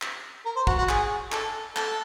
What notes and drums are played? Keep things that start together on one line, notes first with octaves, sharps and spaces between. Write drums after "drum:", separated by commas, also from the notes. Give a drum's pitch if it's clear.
drum: clap
A#4
C5
F#4, drum: kick
F#4
G#4, drum: clap
A4, drum: clap
A4, drum: clap